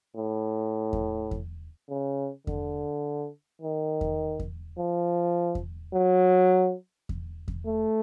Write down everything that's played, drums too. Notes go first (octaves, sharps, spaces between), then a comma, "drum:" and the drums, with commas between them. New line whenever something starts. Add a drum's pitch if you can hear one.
A2
drum: kick E2
drum: kick E2
C#3
D3, drum: kick E2
D#3
drum: kick E2
drum: kick E2
F3
drum: kick E2
F#3
drum: kick E2
drum: kick E2
A3